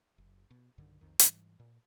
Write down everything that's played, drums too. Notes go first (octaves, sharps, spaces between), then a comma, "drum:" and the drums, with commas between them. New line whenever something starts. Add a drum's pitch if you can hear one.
F#1
B2
B1 G2 D3 D#3
B1 F2 D#3
G#2 E3 G3, drum: hi-hat
A#2